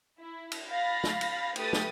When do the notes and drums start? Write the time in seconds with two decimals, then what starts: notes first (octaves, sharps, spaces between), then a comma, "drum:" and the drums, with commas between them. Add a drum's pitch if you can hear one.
0.20 E4
0.52 drum: cymbal
0.70 F5 B5 A6 A#6
1.04 drum: snare
1.21 drum: cymbal
1.56 A3 G4 B4 D#6 A6, drum: cymbal
1.73 drum: snare